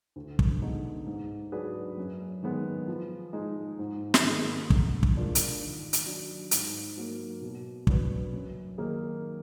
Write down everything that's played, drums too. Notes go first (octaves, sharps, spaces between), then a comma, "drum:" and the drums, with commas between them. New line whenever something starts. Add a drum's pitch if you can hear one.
D2
drum: kick
D3 G#3 B3 D#4
G#2
F#3 D4 G#4 B4
F#2
D#3 G#3 B3
F3
G#3 D#4
G#2
drum: snare
D#3 A#3 D#4 G#4
D3, drum: kick
drum: kick
G#3 D4 F4 A#4
drum: hi-hat
D#3
drum: hi-hat
F#3 D4
G#2, drum: hi-hat
F#3 A#3
B2
F#3 D4 F#4 B4, drum: kick
F#2
D#3 A#3 D#4 G#4